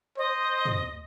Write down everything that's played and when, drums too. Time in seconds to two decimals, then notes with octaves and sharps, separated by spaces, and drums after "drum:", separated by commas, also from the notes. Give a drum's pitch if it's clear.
0.18 C5 D#5
0.65 drum: tom